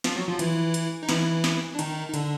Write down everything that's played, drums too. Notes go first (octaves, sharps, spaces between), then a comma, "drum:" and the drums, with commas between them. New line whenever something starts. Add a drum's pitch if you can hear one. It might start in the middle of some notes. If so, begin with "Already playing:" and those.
F3 F4, drum: snare
F#3 F#4
F3 F4
E3 E4, drum: hi-hat
drum: hi-hat
D#4
E3 E4, drum: snare
drum: snare
D4
D#3 D#4, drum: hi-hat
D#4
D3 D4, drum: hi-hat